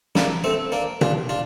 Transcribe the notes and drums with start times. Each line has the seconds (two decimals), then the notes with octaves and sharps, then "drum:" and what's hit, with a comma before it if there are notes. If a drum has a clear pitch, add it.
0.15 A#3 D4, drum: snare
0.44 A3 C4
0.72 A#3 D4
1.01 D4 F4, drum: tom B2
1.29 D4 F4